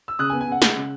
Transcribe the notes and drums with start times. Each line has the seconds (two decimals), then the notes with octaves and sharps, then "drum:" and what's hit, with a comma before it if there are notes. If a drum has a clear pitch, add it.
0.08 E6
0.19 C#3 D#6 F#6
0.30 G#5
0.33 B3
0.41 G#5
0.48 C#3 F#5
0.62 G#3, drum: snare
0.77 C#3